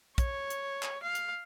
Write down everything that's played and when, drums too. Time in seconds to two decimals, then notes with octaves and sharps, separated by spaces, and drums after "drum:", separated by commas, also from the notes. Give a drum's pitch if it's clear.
0.18 C#5, drum: kick, hi-hat
0.50 drum: hi-hat
0.83 drum: clap
1.03 F5
1.15 drum: hi-hat